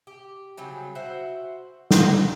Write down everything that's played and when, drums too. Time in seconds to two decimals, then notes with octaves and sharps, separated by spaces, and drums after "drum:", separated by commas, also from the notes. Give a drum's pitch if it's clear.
0.07 G4
0.57 C#3 F#3 G3 C4
0.95 F#4 C5 E5 F#5
1.91 C3 D#5 F5 A#5, drum: snare